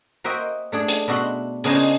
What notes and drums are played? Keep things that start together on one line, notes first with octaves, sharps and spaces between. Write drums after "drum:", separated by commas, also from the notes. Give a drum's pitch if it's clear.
A#3 F#4 C5 D#5 E5 G5
A3 D4 G#4
drum: hi-hat
B2 D4 F#4 E5 B5 C6
C#3 B3 D4 C5 D#5 G#5, drum: open hi-hat